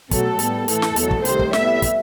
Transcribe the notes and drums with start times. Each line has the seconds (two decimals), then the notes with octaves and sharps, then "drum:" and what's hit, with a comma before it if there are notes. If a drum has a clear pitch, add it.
0.11 B2 F#3 A3 A4, drum: kick, hi-hat
0.39 A2 G3 B3, drum: hi-hat
0.68 A2 E3 A3 A4, drum: hi-hat
0.82 drum: snare
0.96 E2 B2 F#3 A3, drum: hi-hat
1.11 drum: kick
1.25 C2 C3 D#3 A3 C5, drum: hi-hat
1.39 drum: kick
1.53 A2 G3 B3 E5, drum: snare
1.82 drum: kick, hi-hat